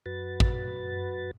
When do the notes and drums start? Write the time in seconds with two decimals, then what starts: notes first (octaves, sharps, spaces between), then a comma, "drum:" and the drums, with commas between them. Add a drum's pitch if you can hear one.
0.06 F#2 F#4 B4 A6
0.40 drum: kick